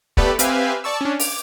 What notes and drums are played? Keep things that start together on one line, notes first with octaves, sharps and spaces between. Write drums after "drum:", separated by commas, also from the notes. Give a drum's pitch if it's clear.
A3 B3 G4 A4 B4 D5, drum: kick
C4 G4 B4 E5 F5 G#5, drum: hi-hat
D5 A5 C#6 E6
C#4 D4
D6, drum: open hi-hat